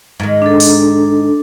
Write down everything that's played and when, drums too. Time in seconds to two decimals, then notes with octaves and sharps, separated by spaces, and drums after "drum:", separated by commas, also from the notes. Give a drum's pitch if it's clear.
0.20 G#2 D#3
0.42 D4 A4
0.60 drum: open hi-hat